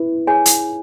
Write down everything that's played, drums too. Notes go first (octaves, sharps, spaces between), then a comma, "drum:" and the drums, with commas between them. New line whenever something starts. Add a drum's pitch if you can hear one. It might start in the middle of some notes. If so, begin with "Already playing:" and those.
Already playing: E4 B4
G#4 C#5 G#5
drum: hi-hat